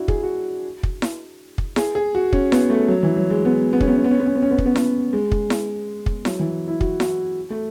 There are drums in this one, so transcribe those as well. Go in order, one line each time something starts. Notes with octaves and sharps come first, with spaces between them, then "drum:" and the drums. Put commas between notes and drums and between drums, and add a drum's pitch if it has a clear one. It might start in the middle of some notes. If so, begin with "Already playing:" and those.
Already playing: D4 E4 F#4
G#4, drum: kick
F#4
drum: kick
drum: snare E4
drum: kick
G#4, drum: snare E4
G#4
F#4
C#4, drum: kick
B3, drum: snare E4
A3
F#3
E3
F#3
G#3
B3
B3
C#4, drum: kick
B3
C#4
B3
C#4
B3
C#4
B3
C#4
B3
C#4, drum: kick
B3
drum: snare E4
G#3
drum: kick
drum: snare E4
drum: kick
F#3, drum: snare E4
E3
E4
F#4, drum: kick
F#4, drum: snare E4
A3